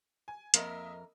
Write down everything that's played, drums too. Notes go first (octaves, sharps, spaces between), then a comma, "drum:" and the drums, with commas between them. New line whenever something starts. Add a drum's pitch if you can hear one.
G#5
F2 A#3 A#4 D#5 E5, drum: hi-hat